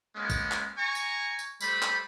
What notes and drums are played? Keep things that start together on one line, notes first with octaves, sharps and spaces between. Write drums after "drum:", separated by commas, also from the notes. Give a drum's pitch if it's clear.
G#3 A#3 B3 C#4
drum: kick A1, tambourine
drum: clap
G#5 A#5 C#6
drum: tambourine
drum: tambourine
G3 A3 C5 B5, drum: tambourine
drum: clap